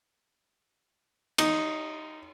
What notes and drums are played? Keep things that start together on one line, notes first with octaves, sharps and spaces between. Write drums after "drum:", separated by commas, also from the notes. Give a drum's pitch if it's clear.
D#4, drum: cymbal